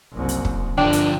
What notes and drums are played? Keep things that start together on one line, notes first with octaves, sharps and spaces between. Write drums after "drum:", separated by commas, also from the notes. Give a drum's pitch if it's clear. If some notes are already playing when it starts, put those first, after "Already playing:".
F#1 C2
drum: hi-hat
drum: kick
G1 D3 F3 D4 G5
drum: hi-hat